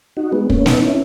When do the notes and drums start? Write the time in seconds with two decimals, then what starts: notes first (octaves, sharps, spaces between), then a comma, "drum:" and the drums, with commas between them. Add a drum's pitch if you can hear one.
0.17 D#4 F#4
0.32 G#3 B3
0.50 A#3 C#4, drum: kick
0.66 B3 D#4, drum: snare
0.82 C#4 E4